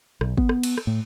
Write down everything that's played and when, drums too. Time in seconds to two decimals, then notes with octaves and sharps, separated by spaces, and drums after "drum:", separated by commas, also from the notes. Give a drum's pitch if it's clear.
0.21 B1, drum: rim click
0.38 B3, drum: kick
0.49 drum: rim click
0.63 drum: cymbal
0.78 drum: rim click
0.87 A2